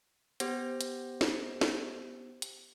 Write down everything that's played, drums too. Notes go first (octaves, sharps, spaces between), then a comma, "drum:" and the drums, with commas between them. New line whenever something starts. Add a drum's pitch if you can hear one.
B3 G4 C5 A#6, drum: hi-hat
drum: hi-hat
drum: snare
drum: snare
drum: hi-hat